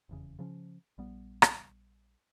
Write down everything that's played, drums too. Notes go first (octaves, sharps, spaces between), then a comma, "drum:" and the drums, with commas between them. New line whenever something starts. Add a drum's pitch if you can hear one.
F1 E2 C#3
C#3 F3 C#4
A#1 G3 B3
drum: rim click